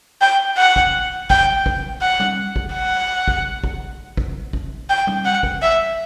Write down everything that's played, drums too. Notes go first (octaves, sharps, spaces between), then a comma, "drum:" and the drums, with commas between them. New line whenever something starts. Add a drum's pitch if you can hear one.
G5
F#5
drum: kick
G5, drum: kick
drum: kick
F#5
drum: tom G3
drum: kick
F#5
drum: kick
drum: kick
drum: kick
drum: kick
G5
drum: tom G3
F#5
drum: kick
E5